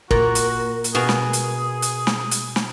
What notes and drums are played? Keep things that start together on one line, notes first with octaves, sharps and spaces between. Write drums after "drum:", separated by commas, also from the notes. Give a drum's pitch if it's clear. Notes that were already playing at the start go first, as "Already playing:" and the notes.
A#2 F#4 A#4, drum: kick
drum: hi-hat
drum: hi-hat
B2 F#4 G#4 F5
drum: snare
drum: hi-hat
drum: hi-hat
drum: snare
drum: hi-hat
drum: snare